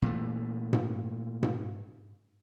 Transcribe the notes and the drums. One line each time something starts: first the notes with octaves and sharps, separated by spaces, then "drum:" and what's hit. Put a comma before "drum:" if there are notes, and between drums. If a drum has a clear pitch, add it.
A#2 E3 A3
drum: tom G#2
drum: tom G#2